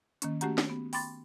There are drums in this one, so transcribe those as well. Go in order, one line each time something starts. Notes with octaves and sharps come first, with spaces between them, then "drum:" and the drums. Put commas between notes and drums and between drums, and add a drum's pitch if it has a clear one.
D#3 A#3 C#4, drum: hi-hat
A3 C#4 F#4 G4 F#5 A#5, drum: hi-hat
drum: snare
B3
G5 B5 C6 D6 A6, drum: open hi-hat